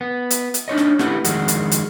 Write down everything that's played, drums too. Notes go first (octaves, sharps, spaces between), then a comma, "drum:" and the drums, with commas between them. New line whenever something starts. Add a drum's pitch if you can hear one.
B3
drum: hi-hat
drum: hi-hat
D4 D#4 C#5 D#5
drum: snare
A3 C#4 E4 G4 B4 F#5, drum: snare
F2 D#3 G#3 F#4, drum: hi-hat
drum: hi-hat
drum: hi-hat